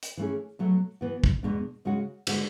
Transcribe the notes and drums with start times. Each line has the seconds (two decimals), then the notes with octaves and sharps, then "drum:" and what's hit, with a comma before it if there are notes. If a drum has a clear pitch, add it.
0.03 drum: hi-hat
0.17 E3 A3 C#4 G#4
0.59 B2 F#3 A3
1.01 E3 B3 F#4
1.24 drum: kick
1.43 E2 B2 G#3 D4
1.85 C#3 G#3 C#4 F#4
2.27 D3 G#3 D4 F#4, drum: cymbal